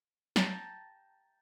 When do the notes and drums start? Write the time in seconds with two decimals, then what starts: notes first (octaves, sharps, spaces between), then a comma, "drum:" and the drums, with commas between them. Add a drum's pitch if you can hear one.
0.36 G5 A5 A#5, drum: snare